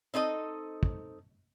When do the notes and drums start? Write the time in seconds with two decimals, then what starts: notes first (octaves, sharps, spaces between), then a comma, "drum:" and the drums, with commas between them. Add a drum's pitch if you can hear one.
0.14 C4 D#4 A4 D#5
0.83 drum: kick